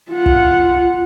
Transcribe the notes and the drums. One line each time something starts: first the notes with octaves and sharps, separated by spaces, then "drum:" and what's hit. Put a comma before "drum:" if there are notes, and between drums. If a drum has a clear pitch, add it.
F4 F#5
drum: kick